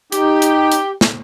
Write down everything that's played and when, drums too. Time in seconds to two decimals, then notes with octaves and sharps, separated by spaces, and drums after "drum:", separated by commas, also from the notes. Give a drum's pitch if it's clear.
0.12 D#4 G4, drum: hi-hat
0.42 drum: hi-hat
0.72 drum: hi-hat
1.01 drum: snare